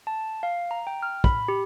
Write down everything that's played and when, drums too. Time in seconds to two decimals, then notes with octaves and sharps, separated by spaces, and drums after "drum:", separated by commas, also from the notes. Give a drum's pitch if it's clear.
0.07 A5
0.43 F5
0.71 A#5
0.87 G5
1.03 F6
1.24 B5, drum: kick
1.48 G4